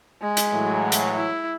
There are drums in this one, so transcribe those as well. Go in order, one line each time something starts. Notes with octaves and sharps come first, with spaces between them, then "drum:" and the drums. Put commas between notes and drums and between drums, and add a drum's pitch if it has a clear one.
G#3
drum: hi-hat
A2 E3 F#3
drum: hi-hat
E4